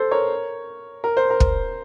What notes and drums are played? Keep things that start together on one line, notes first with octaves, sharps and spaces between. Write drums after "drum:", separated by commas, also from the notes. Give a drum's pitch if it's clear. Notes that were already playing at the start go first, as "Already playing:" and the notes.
Already playing: A4 C5
A#4 C#5
A#4
C5
A#4
drum: kick